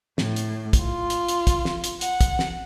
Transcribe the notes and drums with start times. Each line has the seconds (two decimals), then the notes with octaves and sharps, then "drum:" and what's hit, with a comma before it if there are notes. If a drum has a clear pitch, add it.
0.18 A2, drum: snare
0.36 drum: hi-hat
0.73 drum: kick, hi-hat
0.83 F4
1.10 drum: hi-hat
1.28 drum: hi-hat
1.47 drum: kick, hi-hat
1.65 drum: snare
1.84 drum: hi-hat
2.01 F#5, drum: hi-hat
2.21 drum: kick, hi-hat
2.39 drum: snare